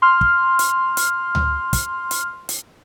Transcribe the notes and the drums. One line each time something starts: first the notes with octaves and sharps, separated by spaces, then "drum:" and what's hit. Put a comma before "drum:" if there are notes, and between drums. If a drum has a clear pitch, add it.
C6 F6
drum: kick
drum: hi-hat
drum: hi-hat
drum: tom D2
drum: kick, hi-hat
drum: hi-hat
drum: hi-hat